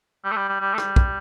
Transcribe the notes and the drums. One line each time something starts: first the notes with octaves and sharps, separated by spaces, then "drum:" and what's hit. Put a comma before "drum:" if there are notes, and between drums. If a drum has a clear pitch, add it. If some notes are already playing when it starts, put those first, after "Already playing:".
G3
A3
G3
G3
G3
A3
G3, drum: rim click
drum: kick